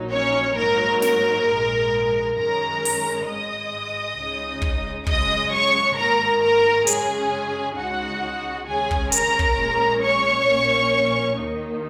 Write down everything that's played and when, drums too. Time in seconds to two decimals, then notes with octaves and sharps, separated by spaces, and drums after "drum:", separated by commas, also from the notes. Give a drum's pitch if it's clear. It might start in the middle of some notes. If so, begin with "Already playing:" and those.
Already playing: A#1 A#2 F#3 D#4
0.12 C#4 C#5
0.57 G#2 F#3 A#3 D#4 A#4
1.02 A#4, drum: snare
1.47 A#1 G#2 G#3
2.37 F#2 D#3 G#3 C#4 A#4 A#5
2.85 drum: open hi-hat
3.27 G#1 G#2 G#3 D#5 D#6
4.17 C#2 C#3 G#3 D#4
4.62 drum: kick
5.07 F#2 C#3 G#3 D#5 D#6, drum: kick
5.52 C#5 C#6
5.97 G#1 G#2 D#3 A#3 A#4 A#5
6.42 A#4 A#5
6.87 F#2 C#3 G#3 C#4 G#4 G#5, drum: hi-hat
7.77 C#2 C#3 G#3 D#4 F#4 F#5
8.67 D#2 C#3 G#3 C#4 G#4 G#5
8.91 drum: kick
9.12 A#4 A#5, drum: hi-hat
9.39 drum: kick
9.57 A#1 A#2 G#3 C#4
10.02 C#5 C#6
10.47 A#1 A#2 A#3 C#4
11.37 D#2 D#3 A#3 D#4